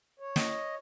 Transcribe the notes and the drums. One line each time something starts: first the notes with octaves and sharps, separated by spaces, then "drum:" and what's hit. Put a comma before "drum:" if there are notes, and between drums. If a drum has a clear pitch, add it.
C#5
D#5, drum: snare